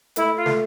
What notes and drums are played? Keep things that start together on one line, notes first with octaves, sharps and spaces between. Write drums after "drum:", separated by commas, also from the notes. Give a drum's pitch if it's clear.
A3 E4, drum: hi-hat
F4
A3, drum: snare